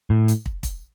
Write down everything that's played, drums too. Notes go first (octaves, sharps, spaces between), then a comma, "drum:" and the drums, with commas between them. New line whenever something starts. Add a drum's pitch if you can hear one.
A2
drum: hi-hat
drum: kick
drum: kick, hi-hat